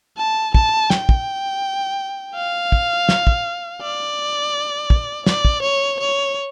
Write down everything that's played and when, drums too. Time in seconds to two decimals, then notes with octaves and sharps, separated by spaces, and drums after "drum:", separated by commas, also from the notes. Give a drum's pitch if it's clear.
0.17 A5
0.55 A5, drum: kick
0.90 G5, drum: snare
1.09 drum: kick
2.35 F5
2.72 drum: kick
3.09 drum: snare
3.27 drum: kick
3.81 D5
4.90 drum: kick
5.26 D5, drum: snare
5.45 drum: kick
5.62 C#5
6.00 C#5